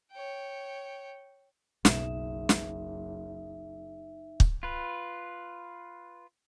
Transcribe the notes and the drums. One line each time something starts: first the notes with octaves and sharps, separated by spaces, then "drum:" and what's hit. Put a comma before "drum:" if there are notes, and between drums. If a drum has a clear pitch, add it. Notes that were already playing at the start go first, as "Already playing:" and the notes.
C#5 G5
F#1 B1 B2 D#4 E5, drum: snare
drum: snare
drum: kick
F4 B4